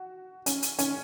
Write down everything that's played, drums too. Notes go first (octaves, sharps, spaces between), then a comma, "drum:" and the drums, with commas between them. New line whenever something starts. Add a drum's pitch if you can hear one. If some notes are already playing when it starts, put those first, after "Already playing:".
Already playing: F#4
C#4, drum: hi-hat
drum: hi-hat
C#4, drum: hi-hat